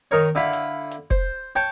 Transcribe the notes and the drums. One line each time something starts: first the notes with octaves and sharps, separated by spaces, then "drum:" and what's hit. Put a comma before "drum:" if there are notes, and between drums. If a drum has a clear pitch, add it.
D#3 A#4 C#5
D3 E4 F4 B5
drum: hi-hat
drum: hi-hat
C5, drum: kick F1
C#5 G5 A5